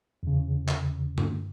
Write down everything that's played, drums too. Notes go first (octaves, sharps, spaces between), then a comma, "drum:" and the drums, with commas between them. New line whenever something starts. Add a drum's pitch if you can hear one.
E2 C#3
drum: clap
drum: tom G2